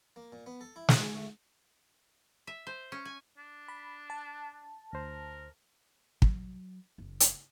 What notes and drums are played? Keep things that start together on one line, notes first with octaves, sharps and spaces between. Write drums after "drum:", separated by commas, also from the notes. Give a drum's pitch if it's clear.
A#3
A#2
B3
A4
E4
C#5, drum: snare
G#4
A3
E5
C5
C#4
G#5
D4
B5
A5
D2 A#4 C5
F#3, drum: kick
F#1
drum: hi-hat